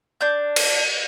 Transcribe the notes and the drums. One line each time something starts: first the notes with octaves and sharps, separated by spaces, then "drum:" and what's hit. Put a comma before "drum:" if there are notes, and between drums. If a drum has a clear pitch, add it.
D4 G6
drum: cymbal